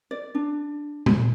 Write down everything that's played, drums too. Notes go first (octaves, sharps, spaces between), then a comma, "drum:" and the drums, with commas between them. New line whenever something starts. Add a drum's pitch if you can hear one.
D5
D4
drum: tom A#2